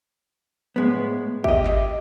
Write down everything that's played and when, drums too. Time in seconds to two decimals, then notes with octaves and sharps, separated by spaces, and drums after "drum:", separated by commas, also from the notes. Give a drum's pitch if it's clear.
0.76 A2 G#3 B3
1.44 G4 D#5 E5, drum: kick
1.65 drum: clap